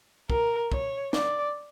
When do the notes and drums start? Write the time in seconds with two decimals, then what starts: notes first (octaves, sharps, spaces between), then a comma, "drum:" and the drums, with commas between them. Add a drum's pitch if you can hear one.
0.30 A#4, drum: kick
0.72 C#5, drum: kick
1.13 D5, drum: snare